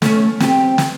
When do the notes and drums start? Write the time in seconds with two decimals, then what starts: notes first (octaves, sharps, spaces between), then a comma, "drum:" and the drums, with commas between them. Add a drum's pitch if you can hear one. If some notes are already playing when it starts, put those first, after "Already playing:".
0.02 A3 C#4, drum: snare
0.40 C4 G4, drum: snare
0.78 drum: snare